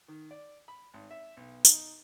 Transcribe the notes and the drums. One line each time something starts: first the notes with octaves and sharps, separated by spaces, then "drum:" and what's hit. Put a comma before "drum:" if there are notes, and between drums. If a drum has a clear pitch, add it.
D#3
D5
B5
G#1
E5
B1
D#4, drum: tambourine